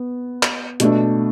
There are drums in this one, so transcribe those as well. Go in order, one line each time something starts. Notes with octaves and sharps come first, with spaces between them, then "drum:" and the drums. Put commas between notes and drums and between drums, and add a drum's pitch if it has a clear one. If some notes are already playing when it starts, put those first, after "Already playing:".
Already playing: B3
drum: clap
B2 A3 D4, drum: hi-hat